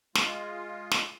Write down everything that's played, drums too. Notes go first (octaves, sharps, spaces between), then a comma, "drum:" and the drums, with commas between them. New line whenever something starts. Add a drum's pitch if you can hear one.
G#3 F4, drum: snare
drum: snare